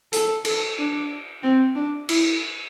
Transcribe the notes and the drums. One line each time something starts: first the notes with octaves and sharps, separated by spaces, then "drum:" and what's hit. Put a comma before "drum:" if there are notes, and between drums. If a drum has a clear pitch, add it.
A4, drum: hi-hat
A4, drum: cymbal
D4
C4
D4
E4, drum: cymbal